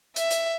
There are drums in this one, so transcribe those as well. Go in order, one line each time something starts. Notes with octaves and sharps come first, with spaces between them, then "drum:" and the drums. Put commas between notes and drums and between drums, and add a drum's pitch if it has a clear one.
E5, drum: hi-hat
drum: hi-hat